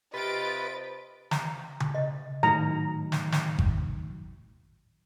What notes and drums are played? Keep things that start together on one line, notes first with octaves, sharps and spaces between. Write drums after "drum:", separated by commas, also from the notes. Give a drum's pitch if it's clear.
C3 F4 B4 D#5 A6 D7
A#5, drum: snare
drum: tom C#3
D#5
A2 D#3 F#3 A#5
drum: snare
drum: snare
drum: kick G#1